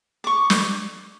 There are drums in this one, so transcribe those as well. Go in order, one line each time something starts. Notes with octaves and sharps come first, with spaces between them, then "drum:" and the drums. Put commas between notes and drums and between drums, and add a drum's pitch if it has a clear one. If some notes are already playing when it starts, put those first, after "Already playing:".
C#6 D6
drum: snare